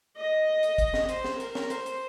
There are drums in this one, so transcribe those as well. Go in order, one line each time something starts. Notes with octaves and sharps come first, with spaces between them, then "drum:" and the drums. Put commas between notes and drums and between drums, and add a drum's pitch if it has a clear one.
D#5
drum: hi-hat
drum: kick, hi-hat
drum: snare
C5, drum: hi-hat
drum: snare
A#4, drum: hi-hat
drum: snare
C5, drum: hi-hat
drum: hi-hat